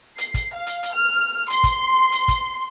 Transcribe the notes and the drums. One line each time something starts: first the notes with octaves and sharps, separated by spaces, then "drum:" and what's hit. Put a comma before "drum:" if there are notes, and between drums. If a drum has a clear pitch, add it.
C7, drum: hi-hat
drum: kick, hi-hat
F5
drum: hi-hat
drum: hi-hat
F6
C6, drum: hi-hat
drum: kick, hi-hat
drum: hi-hat
drum: kick, hi-hat